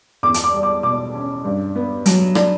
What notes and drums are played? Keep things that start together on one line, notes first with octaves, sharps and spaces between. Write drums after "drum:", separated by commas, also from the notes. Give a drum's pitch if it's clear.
E2 D6
drum: hi-hat
D6
G3
D6
B2 D6
C#4
G2
B3
F#3, drum: hi-hat
D4, drum: rim click